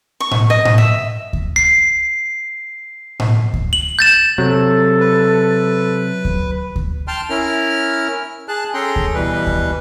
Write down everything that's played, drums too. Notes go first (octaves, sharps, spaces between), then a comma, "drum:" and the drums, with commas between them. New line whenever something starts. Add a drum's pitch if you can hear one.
C#6
drum: tom A2
D#5
drum: tom A2
E5
drum: kick D2
C7
drum: tom A2
drum: kick D2
F#7
G6 A6 E7
C3 F#3 A4
B4
drum: kick D2
drum: kick D2
G5 A5 C6 F6
C#4 E4 A#4 F6
G#4 A5 F#6
C#4 G#4 A4 G5 A#5 C6
drum: kick D2
B2 E3 G3 B4
drum: kick D2